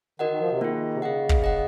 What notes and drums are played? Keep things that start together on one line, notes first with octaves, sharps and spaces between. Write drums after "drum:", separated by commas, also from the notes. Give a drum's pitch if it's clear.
D#3 F#4 A#4 D#5 F#5
D#3
F3
C3
D#3 A#3 F4 G#4
C3
C#3 G#4 D#5 F#5
drum: kick
G#4 D#5 F#5